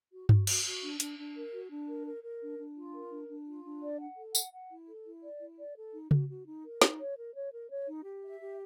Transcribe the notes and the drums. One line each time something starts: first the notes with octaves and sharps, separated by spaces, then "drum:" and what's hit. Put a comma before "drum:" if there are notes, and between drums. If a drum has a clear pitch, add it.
F#4
F#4, drum: tom G2
F#4, drum: cymbal
F#4
D4
D4, drum: hi-hat
D4
A#4
F#4
D4
A#4
A#4
A#4
D4
D4
F4
A#4
D4
D4
F4
D4
D5
F#5
A4
F#5, drum: tambourine
F#5
E4
A4
E4
D5
E4
D5
A4
D#4
F#4, drum: tom C#3
F#4
D#4
A#4
D#4, drum: snare
C#5
A#4
C#5
A#4
C#5
D#4
G4
E5
G4